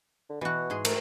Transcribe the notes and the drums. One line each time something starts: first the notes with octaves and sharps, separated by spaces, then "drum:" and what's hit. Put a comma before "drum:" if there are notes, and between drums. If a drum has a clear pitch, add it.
D3
B2 E3 F#4
G#2 G#4 C6
A3 A#4, drum: cymbal